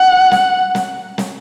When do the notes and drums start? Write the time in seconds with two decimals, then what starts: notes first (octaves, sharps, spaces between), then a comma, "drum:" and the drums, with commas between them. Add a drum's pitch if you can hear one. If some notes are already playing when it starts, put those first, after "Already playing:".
Already playing: F#5
0.31 drum: snare
0.75 drum: snare
1.18 drum: snare